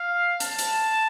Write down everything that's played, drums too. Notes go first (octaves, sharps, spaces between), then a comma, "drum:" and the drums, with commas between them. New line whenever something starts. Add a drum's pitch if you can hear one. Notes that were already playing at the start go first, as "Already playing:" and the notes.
Already playing: F5
A5, drum: hi-hat
drum: hi-hat